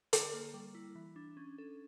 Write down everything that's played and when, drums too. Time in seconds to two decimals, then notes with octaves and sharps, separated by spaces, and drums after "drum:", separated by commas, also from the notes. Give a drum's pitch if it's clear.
0.13 D3, drum: hi-hat
0.34 A#3
0.54 G3
0.75 E4
0.95 E3
1.16 D4
1.37 C#4
1.58 A4